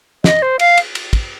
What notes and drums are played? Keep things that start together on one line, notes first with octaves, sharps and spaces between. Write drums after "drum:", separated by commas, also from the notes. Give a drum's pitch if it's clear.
D#5, drum: snare
C5
F5, drum: cymbal
drum: cymbal
drum: cymbal
drum: kick, cymbal